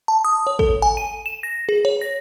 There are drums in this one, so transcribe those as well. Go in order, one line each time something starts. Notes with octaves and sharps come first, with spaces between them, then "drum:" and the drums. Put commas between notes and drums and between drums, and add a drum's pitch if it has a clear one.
A5
D#6
C#5
A4, drum: kick A1
G#5
D#7
E7
A#6
G#4
C#5
A#6